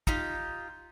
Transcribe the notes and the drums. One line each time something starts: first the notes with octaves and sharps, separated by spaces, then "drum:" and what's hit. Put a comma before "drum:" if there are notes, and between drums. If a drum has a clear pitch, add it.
D#4 F4 G4, drum: kick